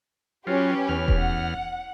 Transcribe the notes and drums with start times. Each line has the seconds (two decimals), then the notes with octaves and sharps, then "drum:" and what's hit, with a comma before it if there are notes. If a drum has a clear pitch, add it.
0.47 F#3 C#4 F4 G4 B4
0.89 E2 F6
1.08 drum: kick D#1
1.18 F#5